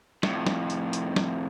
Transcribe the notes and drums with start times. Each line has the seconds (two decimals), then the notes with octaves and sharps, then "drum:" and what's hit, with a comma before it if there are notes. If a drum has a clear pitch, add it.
0.23 F2 A2, drum: snare
0.46 drum: snare
0.70 drum: hi-hat
0.93 drum: hi-hat
1.16 drum: snare